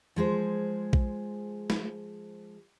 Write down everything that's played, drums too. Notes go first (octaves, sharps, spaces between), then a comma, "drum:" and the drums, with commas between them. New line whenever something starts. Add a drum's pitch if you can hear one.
F3 G#3 G#4 C5
drum: kick A#1
drum: snare